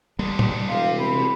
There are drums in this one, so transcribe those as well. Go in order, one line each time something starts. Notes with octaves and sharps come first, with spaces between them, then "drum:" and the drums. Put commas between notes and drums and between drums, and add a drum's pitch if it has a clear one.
G3 G#3 A#3 D4
drum: tom A#2
E1 C3 F5
B5